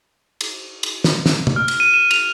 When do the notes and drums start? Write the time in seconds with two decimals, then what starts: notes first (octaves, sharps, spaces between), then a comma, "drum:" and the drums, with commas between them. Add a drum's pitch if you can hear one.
0.41 drum: cymbal
0.83 drum: cymbal
1.04 drum: snare
1.26 drum: snare
1.47 drum: tom
1.56 F6
1.68 drum: cymbal
1.80 D#7
1.94 E7
2.11 F7, drum: cymbal